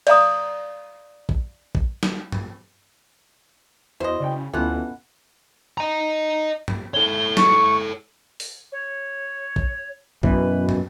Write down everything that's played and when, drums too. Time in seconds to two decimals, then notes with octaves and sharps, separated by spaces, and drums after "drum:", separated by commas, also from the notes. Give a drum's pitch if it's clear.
0.07 D5 F5 A#5 D#6, drum: cymbal
1.29 drum: kick
1.75 drum: kick
2.03 drum: snare
2.32 drum: tom
4.00 E2 E4 F#4 C5 D#5
4.20 C#3 D5 G5
4.53 D2 B2 E3 B3 C#4 F4 A4 F#5
5.78 D#5 A#5
6.68 drum: tom
6.94 A4 C#5 G7
7.37 C#6, drum: snare
8.40 drum: open hi-hat
8.72 C#5
9.56 drum: kick
10.23 F#2 B2 E3 B4, drum: kick
10.69 drum: tom